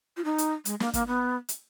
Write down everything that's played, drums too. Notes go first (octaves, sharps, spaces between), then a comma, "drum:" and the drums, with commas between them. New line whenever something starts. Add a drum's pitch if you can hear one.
F4
D#4
drum: hi-hat
G#3, drum: hi-hat
A#3, drum: snare
A#3, drum: kick, hi-hat
B3
drum: hi-hat